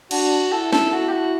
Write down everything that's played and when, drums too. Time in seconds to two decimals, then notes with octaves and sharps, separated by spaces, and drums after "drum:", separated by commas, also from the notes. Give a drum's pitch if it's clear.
0.11 D4 F#4, drum: cymbal
0.52 E4 A4
0.73 A4, drum: snare
0.92 F#4
1.07 G4
1.12 F#4